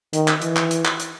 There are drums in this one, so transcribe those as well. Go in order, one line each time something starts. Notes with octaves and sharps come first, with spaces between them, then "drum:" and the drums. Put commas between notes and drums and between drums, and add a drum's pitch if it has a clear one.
D#3, drum: hi-hat
drum: clap
E3, drum: hi-hat
drum: clap
drum: hi-hat
drum: clap
drum: hi-hat